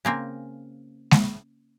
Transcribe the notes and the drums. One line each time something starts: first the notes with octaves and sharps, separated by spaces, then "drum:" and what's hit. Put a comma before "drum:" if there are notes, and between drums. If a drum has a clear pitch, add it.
C#3 A#3 C4
drum: snare G#3